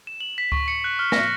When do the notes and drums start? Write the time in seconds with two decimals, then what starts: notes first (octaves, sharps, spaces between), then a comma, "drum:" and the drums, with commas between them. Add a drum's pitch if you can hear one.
0.07 E7
0.21 F#7
0.38 B6
0.52 C#6, drum: kick C#2
0.68 C#7
0.84 F#6
0.99 F6
1.12 A#6, drum: snare